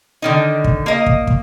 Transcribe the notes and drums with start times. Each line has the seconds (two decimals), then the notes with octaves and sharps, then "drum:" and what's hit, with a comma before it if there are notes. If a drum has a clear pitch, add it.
0.22 D3 D#3 D#4
0.64 drum: kick
0.86 A#3 D#5
1.06 drum: kick
1.27 drum: kick